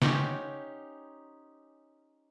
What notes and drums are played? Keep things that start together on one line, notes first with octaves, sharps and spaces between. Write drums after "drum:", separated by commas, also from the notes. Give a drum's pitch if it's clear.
C#4 D#4 G4 C5 C#5 F#5, drum: snare